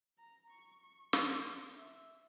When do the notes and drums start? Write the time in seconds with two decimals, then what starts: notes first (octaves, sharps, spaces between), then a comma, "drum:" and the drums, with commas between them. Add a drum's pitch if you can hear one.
0.18 A#5
0.50 C#6
0.82 C#6
1.13 C6, drum: snare
1.45 C6
1.76 E5